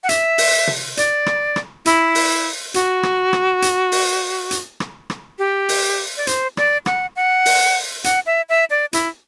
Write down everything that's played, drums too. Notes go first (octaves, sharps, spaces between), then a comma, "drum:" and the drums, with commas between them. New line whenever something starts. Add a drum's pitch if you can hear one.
F#5
E5, drum: hi-hat
drum: open hi-hat
drum: tom
D5, drum: hi-hat
drum: rim click
drum: rim click
E4, drum: hi-hat
drum: open hi-hat
F#4, drum: hi-hat
drum: rim click
drum: rim click
drum: hi-hat
drum: open hi-hat
drum: hi-hat
drum: rim click
drum: rim click
G4
drum: open hi-hat
D5
C5, drum: hi-hat
D5, drum: rim click
F#5, drum: rim click
F#5
drum: open hi-hat
F#5, drum: hi-hat
E5
E5
D5
E4, drum: hi-hat